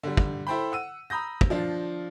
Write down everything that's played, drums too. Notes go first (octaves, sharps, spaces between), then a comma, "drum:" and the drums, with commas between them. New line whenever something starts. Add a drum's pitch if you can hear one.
D3 G3
drum: kick
E4 A4 C5 G5 B5
F#5 E6 D#7
A#5 B5 D#6 G6 A#6
drum: kick
F3 D4 F4